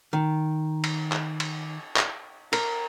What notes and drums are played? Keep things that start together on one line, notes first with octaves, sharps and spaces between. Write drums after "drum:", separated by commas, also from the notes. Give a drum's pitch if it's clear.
D#3
drum: cymbal
drum: clap
drum: cymbal
drum: clap
A#4, drum: cymbal